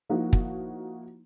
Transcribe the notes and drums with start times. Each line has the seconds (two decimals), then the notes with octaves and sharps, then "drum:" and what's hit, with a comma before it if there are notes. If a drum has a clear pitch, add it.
0.09 F3 A#3 D#4 E4 F#4
0.33 drum: kick